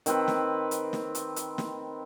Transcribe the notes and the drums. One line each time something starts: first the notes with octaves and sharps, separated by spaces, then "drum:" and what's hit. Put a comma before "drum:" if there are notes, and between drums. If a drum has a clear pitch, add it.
D#3 C4 B4, drum: hi-hat
drum: snare
drum: hi-hat
drum: snare
drum: hi-hat
drum: hi-hat
drum: snare